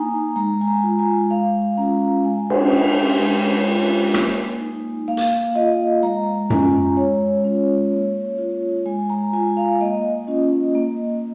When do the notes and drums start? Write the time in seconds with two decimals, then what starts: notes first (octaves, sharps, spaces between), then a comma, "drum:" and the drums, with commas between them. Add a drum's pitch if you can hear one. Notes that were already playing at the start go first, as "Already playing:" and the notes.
Already playing: A#3 D#4 G#5 A#5
0.36 G#3 A#5
0.61 G#5
0.68 A#5
0.83 F4
0.99 G#5
1.30 G#3 F5
1.77 C#4 F4 A#5
2.25 G#3 G#5
2.50 drum: cymbal
2.72 D#4
3.19 G#3
3.66 F4
4.14 A#3, drum: rim click
4.61 D#4
5.08 A#3 F5
5.17 drum: hi-hat
5.55 F4 D#5
6.02 G#3 A#5
6.50 C#4 F4 G#5, drum: tom F#2
6.97 G#3 C#5
7.45 C#4 F4
7.92 A#3
8.39 F4
8.86 G#3 G#5
9.10 A#5
9.33 F4 G#5
9.57 F5
9.81 A#3 D#5
10.28 C#4 F4
10.75 A#3